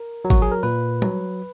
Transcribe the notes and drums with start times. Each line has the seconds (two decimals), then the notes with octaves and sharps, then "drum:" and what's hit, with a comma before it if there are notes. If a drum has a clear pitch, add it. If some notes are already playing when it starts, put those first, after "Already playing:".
Already playing: A#4
0.25 F#3
0.30 F#4, drum: kick G#1
0.42 G#4
0.52 A#4
0.63 A#2 B4
1.02 F#3, drum: tom G3